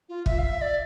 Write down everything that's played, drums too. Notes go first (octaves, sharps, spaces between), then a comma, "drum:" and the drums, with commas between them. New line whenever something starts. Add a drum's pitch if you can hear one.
F4
E5, drum: kick
F5
E5
D5